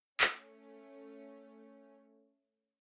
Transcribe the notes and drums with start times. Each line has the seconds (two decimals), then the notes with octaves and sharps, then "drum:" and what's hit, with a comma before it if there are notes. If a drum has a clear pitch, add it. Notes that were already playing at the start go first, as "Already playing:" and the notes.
0.21 A3 C#4, drum: clap